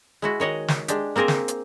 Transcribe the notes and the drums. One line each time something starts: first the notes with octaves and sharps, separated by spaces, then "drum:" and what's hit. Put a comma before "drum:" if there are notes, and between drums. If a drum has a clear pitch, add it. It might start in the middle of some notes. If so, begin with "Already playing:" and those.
G#3 E4 F#4
D#3 C#5 D#5 F#5
drum: snare
G#3 D4 G4, drum: hi-hat
A#3 C4 G#4 A#4 C5
drum: snare
drum: hi-hat